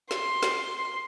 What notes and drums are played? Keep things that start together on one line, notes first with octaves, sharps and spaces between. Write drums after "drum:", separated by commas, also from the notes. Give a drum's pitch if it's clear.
C6, drum: snare
drum: snare